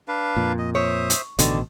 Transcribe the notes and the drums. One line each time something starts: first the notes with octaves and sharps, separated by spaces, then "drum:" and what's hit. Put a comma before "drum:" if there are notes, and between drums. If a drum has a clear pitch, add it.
D4 B4 F5
F2 A#2
D#5
C5 C#5 E5 D#6
drum: hi-hat
A1 B2 D3 D#3 D5, drum: hi-hat